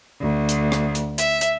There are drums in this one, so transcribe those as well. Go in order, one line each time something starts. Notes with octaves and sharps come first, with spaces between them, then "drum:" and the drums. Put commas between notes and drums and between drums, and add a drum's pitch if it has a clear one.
D2
drum: hi-hat
drum: rim click
drum: hi-hat
E5, drum: hi-hat
drum: hi-hat